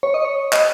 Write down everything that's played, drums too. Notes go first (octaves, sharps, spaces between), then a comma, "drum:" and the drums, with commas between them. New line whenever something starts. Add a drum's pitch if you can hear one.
C#5
D#5
C#5
D#5, drum: clap